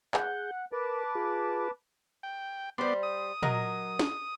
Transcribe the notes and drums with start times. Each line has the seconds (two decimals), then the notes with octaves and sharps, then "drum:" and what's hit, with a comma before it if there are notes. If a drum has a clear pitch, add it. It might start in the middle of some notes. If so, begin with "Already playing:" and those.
0.14 G#4 F#5 G6, drum: clap
0.72 A#4 B4 A5 D6
1.15 F4 G#4
2.23 G5
2.78 G3 B3 C5 D5 C6
3.03 D#6
3.42 F#3 A#4 D#5, drum: tom A#2
3.99 drum: snare